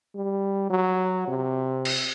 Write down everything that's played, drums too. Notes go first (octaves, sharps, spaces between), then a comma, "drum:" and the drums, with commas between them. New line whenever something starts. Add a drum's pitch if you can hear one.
G3
F#3
C3
drum: cymbal